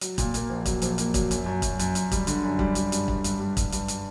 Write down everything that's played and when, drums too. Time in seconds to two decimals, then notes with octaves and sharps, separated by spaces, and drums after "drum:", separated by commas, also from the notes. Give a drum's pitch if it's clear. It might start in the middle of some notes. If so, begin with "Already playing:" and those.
0.01 F#3, drum: hi-hat
0.18 A#2, drum: kick, hi-hat
0.34 A#3, drum: hi-hat
0.50 A#1
0.66 F#3, drum: kick, hi-hat
0.82 A#1, drum: hi-hat
0.98 A#3, drum: hi-hat
1.14 F#3, drum: kick, hi-hat
1.31 F#2, drum: hi-hat
1.46 F#2
1.62 F#2, drum: kick, hi-hat
1.79 F#2, drum: hi-hat
1.95 F#2, drum: hi-hat
2.12 G3, drum: kick, hi-hat
2.27 D3, drum: hi-hat
2.44 F#2
2.59 G3, drum: kick
2.75 G3, drum: hi-hat
2.92 G2, drum: hi-hat
3.08 G2, drum: kick
3.24 G2, drum: hi-hat
3.40 G3
3.57 G2, drum: kick, hi-hat
3.72 G2, drum: hi-hat
3.88 drum: hi-hat